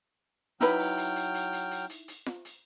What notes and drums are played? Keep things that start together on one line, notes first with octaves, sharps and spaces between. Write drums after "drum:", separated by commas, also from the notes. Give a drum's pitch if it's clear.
F#3 D#4 E4 B4 G5 F6, drum: hi-hat
drum: open hi-hat
drum: hi-hat
drum: hi-hat
drum: hi-hat
drum: hi-hat
drum: hi-hat
drum: hi-hat
drum: hi-hat
drum: snare F4
drum: hi-hat